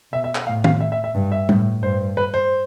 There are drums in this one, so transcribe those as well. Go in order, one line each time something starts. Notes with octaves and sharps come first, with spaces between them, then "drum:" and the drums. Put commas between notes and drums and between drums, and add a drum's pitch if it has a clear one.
B2 E5
E5
drum: clap
A2 F5
F5, drum: tom D#3
E5
E5
E5
G2
E5
A2, drum: tom G3
G2 C5
B4
C5